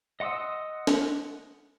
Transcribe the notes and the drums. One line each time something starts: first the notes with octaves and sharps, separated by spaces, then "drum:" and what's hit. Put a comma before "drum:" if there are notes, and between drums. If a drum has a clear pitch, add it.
D#5 F#5 C6 D#6 E6
drum: snare